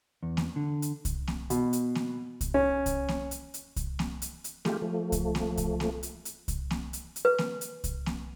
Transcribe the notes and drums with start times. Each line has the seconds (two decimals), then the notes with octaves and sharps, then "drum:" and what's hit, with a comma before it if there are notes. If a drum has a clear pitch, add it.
0.23 E2
0.37 drum: snare A#3
0.56 D3
0.82 drum: hi-hat
1.05 drum: kick C2, hi-hat
1.27 drum: snare A#3
1.50 B2, drum: hi-hat
1.73 drum: hi-hat
1.95 drum: snare A#3
2.41 drum: kick C2, hi-hat
2.54 C#4
2.86 drum: kick C2, hi-hat
3.08 drum: snare A#3
3.31 drum: hi-hat
3.54 drum: hi-hat
3.76 drum: kick C2, hi-hat
3.99 drum: snare A#3
4.22 drum: hi-hat
4.44 drum: hi-hat
4.65 G#3 A3 F4 G4, drum: snare A#3
4.82 F3 A3
5.12 drum: kick C2, hi-hat
5.35 drum: snare A#3
5.57 drum: kick C2, hi-hat
5.80 drum: snare A#3
6.03 drum: hi-hat
6.25 drum: hi-hat
6.48 drum: kick C2, hi-hat
6.71 drum: snare A#3
6.93 drum: hi-hat
7.16 drum: hi-hat
7.25 B4
7.38 drum: snare A#3
7.61 drum: hi-hat
7.84 drum: kick C2, hi-hat
8.06 drum: snare A#3